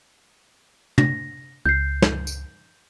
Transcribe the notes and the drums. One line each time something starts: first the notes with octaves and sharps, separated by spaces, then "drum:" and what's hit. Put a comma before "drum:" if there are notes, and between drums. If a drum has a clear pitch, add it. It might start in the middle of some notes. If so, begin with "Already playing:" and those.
A#6, drum: tom
C#2 G6 C7
drum: snare
drum: tambourine